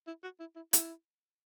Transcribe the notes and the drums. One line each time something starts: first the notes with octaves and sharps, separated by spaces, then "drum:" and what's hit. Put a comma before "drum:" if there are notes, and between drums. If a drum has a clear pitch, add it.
E4
F#4
E4
E4
E4, drum: hi-hat